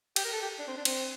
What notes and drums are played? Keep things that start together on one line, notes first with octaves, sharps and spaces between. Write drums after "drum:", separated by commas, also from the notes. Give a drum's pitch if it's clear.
G4, drum: cymbal
A#4
A4
G4
D4
C4
D4
C4, drum: cymbal